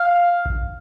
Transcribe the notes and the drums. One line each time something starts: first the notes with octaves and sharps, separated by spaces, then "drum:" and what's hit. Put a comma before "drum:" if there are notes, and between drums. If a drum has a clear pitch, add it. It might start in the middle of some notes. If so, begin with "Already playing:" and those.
Already playing: F5
drum: kick A#1